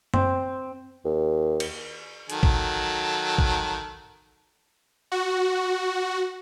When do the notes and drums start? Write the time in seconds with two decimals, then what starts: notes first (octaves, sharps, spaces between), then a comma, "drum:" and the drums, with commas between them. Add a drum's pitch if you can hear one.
0.14 C4, drum: tom F#2
1.05 D#2
1.60 drum: cymbal
2.30 D#3 F#3 A4, drum: hi-hat
2.43 drum: kick
3.38 drum: kick
5.12 F#4